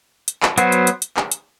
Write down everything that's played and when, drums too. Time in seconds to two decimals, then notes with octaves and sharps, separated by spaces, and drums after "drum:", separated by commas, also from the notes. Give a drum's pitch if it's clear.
0.28 drum: hi-hat
0.43 drum: clap
0.58 F#3 B3 F#4 C5, drum: hi-hat
0.72 drum: hi-hat
0.87 drum: hi-hat
1.02 drum: hi-hat
1.17 drum: clap
1.31 drum: hi-hat